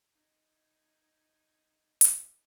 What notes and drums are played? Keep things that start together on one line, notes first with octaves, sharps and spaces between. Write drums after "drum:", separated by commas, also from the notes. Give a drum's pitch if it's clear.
D#4 G#6
drum: hi-hat